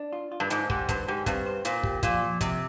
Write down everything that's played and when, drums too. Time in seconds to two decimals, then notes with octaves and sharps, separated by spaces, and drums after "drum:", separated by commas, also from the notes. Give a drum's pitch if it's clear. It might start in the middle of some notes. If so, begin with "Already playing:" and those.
Already playing: D4
0.13 F4
0.32 F4
0.40 G2
0.50 G#2 G#3, drum: hi-hat
0.70 G#2 G4, drum: kick
0.89 G2 C5, drum: kick, hi-hat
1.08 G#2 G4
1.26 G2 C4, drum: kick, hi-hat
1.46 C5
1.65 A#2 C5, drum: hi-hat
1.83 G4, drum: kick
2.03 A#2 F3, drum: kick, hi-hat
2.22 F3
2.41 C3 F3, drum: kick, hi-hat